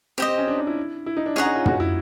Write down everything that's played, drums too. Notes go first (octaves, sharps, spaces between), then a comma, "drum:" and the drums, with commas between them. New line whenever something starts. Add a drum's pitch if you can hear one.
C4 G4 C5 D#5
C4
C#4
D4
D#4
E4
E4
D#4
D4
C#4 G#4 C#5 F#5 A#5
D#4
F4
F#4, drum: tom
E4